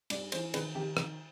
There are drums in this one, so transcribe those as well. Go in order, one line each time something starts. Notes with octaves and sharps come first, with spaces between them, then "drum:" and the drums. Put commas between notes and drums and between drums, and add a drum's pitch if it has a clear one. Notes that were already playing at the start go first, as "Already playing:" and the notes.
G2 D5, drum: cymbal
E3 C5, drum: cymbal
D#3 B4, drum: cymbal
D#3 G4
D#3, drum: rim click